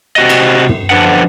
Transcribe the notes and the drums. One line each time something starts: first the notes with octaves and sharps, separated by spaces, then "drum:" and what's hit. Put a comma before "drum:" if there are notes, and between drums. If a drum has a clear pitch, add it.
C3 F#4 D#5
drum: cymbal
drum: tom
D3 F3 D4 B4 F#5